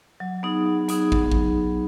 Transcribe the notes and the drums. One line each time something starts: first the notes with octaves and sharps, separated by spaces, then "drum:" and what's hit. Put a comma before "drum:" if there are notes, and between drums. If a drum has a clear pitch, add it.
F#3
B3 D#4 G#4
F#3
B3 D#4 G#4, drum: hi-hat
F#3, drum: kick
drum: kick